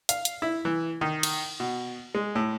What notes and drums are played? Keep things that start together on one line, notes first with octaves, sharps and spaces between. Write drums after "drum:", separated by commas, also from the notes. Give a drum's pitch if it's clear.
F5, drum: hi-hat
drum: hi-hat
E4
E3
D#3
drum: cymbal
B2
G#3
A2